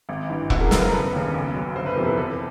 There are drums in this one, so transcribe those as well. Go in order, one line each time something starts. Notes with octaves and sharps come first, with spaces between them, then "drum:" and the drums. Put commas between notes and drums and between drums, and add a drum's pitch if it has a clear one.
G#1
G2 E3
F#1 E4 F#4, drum: kick E1
G#4 A#4
F#2 C#3 F#3 A4 B4, drum: snare
A#4 C5
E1 A4 B4
D#2 C#3
B1
B2 F#3
G1 C5
B4
F2 C3 E3 A#4
A4 B4
E2 A4 B4